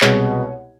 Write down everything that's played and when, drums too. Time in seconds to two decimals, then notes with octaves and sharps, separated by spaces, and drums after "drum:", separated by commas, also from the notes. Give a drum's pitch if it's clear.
0.01 C2 B2 G#3 C#5, drum: clap